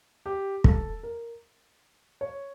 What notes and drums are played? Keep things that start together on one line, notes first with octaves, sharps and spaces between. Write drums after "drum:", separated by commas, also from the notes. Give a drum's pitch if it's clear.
G4
A4, drum: kick
A#4
C#5